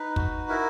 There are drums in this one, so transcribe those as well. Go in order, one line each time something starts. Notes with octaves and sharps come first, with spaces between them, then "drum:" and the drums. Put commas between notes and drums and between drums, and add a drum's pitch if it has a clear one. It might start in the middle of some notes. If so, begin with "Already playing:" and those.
Already playing: D#4 B4
F#4, drum: kick
E4 A#4